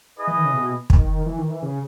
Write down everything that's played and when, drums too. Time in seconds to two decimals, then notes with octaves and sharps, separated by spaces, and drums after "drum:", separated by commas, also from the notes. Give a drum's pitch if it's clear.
0.18 E4 G#4 B4 D#5
0.27 E3
0.36 D#3
0.45 C#3
0.54 B2
0.90 D#3, drum: kick
1.26 E3
1.38 D#3
1.50 E3
1.62 C#3